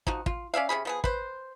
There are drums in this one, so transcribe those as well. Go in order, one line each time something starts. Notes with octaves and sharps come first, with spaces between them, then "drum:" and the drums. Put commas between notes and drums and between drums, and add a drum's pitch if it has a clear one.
F3 D#4 F#4, drum: kick
F4, drum: kick
C#4 D5 E5 F5
C3 C#4 G#4 B5
F3 B3 G#4
B4 C5, drum: kick